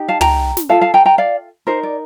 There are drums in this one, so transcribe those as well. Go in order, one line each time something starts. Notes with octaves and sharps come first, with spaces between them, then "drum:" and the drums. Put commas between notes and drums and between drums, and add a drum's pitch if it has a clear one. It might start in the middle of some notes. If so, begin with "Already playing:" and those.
Already playing: D#4 G4
F5 A5
G5 A#5, drum: tom
drum: snare
F4 A4 F5 A5
F5 A5
G5 A#5
G5 A#5
D5 F5
D#4 A#4 C5
D5